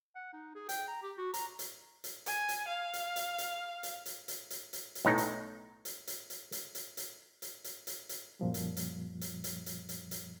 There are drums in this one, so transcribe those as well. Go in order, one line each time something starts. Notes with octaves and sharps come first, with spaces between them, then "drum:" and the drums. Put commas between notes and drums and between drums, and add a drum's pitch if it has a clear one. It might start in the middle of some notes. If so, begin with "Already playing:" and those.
F#5
D#4
G#4
G5, drum: hi-hat
A#5
G4
F#4
A#5, drum: hi-hat
drum: hi-hat
drum: hi-hat
G#5, drum: hi-hat
drum: hi-hat
F5
drum: hi-hat
drum: hi-hat
drum: hi-hat
drum: hi-hat
drum: hi-hat
drum: hi-hat
drum: hi-hat
drum: hi-hat
drum: hi-hat
B1 A2 D#4
drum: hi-hat
drum: hi-hat
drum: hi-hat
drum: hi-hat
drum: hi-hat
drum: hi-hat
drum: hi-hat
drum: hi-hat
drum: hi-hat
drum: hi-hat
drum: hi-hat
F#2 A#2 F3 G3
drum: hi-hat
drum: hi-hat
drum: hi-hat
drum: hi-hat
drum: hi-hat
drum: hi-hat
drum: hi-hat